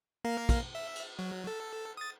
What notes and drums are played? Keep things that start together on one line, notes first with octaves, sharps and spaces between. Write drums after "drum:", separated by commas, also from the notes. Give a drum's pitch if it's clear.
A#3 A#4 F5
drum: kick, cymbal
E5
drum: cymbal
F#3
A4
D#6 A6